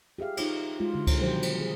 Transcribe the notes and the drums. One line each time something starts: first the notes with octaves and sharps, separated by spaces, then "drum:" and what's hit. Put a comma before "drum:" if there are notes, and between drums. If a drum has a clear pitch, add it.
G4 G#4 E5 F5
D#4 F4 C#5, drum: cymbal
G#3 F4 F#4
D3 G#3
drum: kick C#2, cymbal
B2 D#3 F3 F#3 G4 C5
drum: cymbal
G#4